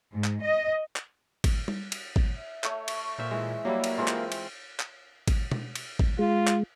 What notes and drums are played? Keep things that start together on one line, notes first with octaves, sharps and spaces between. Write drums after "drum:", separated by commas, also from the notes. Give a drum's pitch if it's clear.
G#2
drum: clap
D#5
drum: clap
drum: kick G#1, cymbal
drum: tom G3
drum: cymbal
drum: kick G#1
E5
A3 C#5, drum: clap
drum: cymbal
A#2 C5 E5 F5
E3 G#3 E5
F#3 G3 A#3 E4
drum: cymbal
E3 G#3 C4 E4 F4
drum: clap
drum: cymbal
drum: clap
drum: kick G#1, cymbal
drum: tom B2
drum: cymbal
drum: kick G#1
G#3 F4
drum: clap